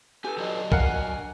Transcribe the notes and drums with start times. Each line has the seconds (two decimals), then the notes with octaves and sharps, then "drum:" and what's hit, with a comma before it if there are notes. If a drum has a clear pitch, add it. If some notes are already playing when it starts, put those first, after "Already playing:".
0.25 G4 A4 G#5
0.38 F#3 D4 D#5
0.72 A#4 F5 F#5 G#5, drum: kick